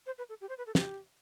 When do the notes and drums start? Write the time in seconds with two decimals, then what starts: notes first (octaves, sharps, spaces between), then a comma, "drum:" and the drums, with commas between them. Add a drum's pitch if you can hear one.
0.06 C5
0.18 B4
0.29 A4
0.41 G4
0.49 C5
0.58 B4
0.67 A4
0.75 G4, drum: snare